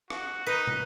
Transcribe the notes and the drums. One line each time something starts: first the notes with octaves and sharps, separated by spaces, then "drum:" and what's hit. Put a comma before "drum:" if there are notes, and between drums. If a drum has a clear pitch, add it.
F#4, drum: rim click
D#4 B4
drum: tom